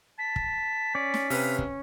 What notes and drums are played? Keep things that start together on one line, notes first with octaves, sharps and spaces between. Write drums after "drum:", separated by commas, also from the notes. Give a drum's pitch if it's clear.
A5 B6
drum: kick
C#4 D5
drum: snare
C3 B4 F5, drum: open hi-hat
drum: kick